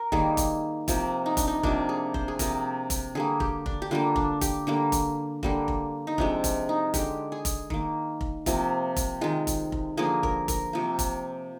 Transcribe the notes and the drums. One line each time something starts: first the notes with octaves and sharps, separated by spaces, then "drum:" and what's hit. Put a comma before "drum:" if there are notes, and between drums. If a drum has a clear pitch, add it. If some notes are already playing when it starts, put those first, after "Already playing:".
Already playing: A#4
D#3 G3 A#3 G#4, drum: kick F1
drum: kick F1, hi-hat
C3 F3 A#3, drum: kick F1, hi-hat
D#4
D4, drum: kick F1, hi-hat
D#4
C3 F3 A#3 D4, drum: kick F1
G#4
C5, drum: kick F1
G#4
C3 F3 A#3 A#4, drum: kick F1, hi-hat
drum: kick F1, hi-hat
D3 G3 A#3 G#4
G4, drum: kick F1
D4, drum: kick F1
G4
D3 G3 A#3 F4
D4, drum: kick F1
G4, drum: kick F1, hi-hat
D3 G3 A#3
drum: kick F1, hi-hat
D3 G3 A#3, drum: kick F1
drum: kick F1
D#4
C3 F3 G#3 D4, drum: kick F1
drum: kick F1, hi-hat
D#4
D3 G#3 G4, drum: kick F1, hi-hat
G#4
drum: kick F1, hi-hat
D#3 A#3, drum: kick F1
drum: kick F1
C3 F3 A#3, drum: kick F1, hi-hat
drum: kick F1, hi-hat
D#3 G#3 F4
drum: kick F1, hi-hat
drum: kick F1
D3 F3 A#3 G#4
A#4, drum: kick F1
A#4, drum: kick F1, hi-hat
C3 F3 A#3
drum: kick F1, hi-hat